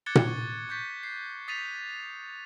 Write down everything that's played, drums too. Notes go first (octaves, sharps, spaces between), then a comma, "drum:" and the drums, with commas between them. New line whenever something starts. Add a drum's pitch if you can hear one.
D6 F#6 G#6 A6 C#7 G7
drum: tom A#2
C#6
C#6 G6 A6 B6
C7
D#6 A6 B6 C7 D#7 F7